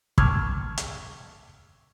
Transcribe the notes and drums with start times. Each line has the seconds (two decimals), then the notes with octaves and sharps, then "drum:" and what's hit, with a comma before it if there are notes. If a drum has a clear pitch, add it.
0.18 A5 C#6 D6 E6 F6 G#6, drum: kick
0.78 drum: hi-hat